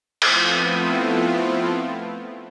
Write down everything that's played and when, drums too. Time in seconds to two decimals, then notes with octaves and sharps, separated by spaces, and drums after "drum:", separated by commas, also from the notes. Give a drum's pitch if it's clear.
0.22 F3 A3 B3 C4 E4 F4, drum: cymbal